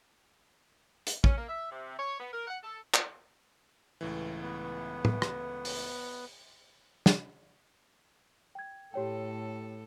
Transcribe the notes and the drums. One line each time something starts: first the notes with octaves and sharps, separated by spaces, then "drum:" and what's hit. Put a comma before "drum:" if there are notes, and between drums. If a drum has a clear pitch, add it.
drum: hi-hat
C#4, drum: kick
A#3
E5
C3
C#5
B3
A#4
F#5
A4
drum: clap
C#2 A2 E3
B3
drum: tom
drum: rim click
drum: open hi-hat
drum: snare
G5 G#6
A2 G4 A4 C#5 G5